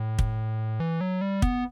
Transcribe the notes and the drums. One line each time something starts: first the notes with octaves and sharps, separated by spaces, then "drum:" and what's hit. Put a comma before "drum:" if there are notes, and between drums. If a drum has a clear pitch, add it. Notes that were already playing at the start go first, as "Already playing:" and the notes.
Already playing: A2
drum: kick
E3
F#3
G3
B3, drum: kick